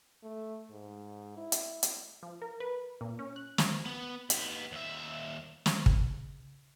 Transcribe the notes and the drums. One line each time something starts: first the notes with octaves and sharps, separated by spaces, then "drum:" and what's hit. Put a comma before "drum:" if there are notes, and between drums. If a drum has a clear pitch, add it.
A3
G#2
E4
drum: hi-hat
drum: hi-hat
F3
A#4
B4
A#2
C#4
F#6
drum: snare
B3
D#2 B3, drum: hi-hat
D#2 E5
drum: snare
C#3, drum: kick